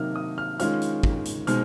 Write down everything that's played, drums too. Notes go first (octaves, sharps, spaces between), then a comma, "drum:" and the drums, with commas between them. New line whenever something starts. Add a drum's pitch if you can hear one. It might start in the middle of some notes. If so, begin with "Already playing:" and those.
Already playing: C3 D#3 F#3 A#3 D#4 F6
D#6
F6
D#3 G#3 C#4 F4 F6, drum: hi-hat
drum: hi-hat
drum: kick
drum: hi-hat
B2 G#3 C4 D#4 F6, drum: hi-hat